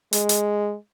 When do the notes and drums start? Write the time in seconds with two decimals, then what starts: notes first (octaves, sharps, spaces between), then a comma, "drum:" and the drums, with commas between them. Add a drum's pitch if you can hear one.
0.13 G#3, drum: hi-hat
0.29 drum: hi-hat